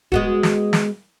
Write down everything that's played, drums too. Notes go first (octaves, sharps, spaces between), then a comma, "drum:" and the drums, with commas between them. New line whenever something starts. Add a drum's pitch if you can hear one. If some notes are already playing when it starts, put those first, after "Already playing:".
G#3 B3 F#4, drum: kick D#1
drum: snare
drum: snare